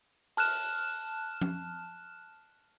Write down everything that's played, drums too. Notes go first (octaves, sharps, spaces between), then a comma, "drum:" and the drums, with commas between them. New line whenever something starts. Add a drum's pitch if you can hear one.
A5 F6 F#6 E7, drum: open hi-hat
drum: tom F3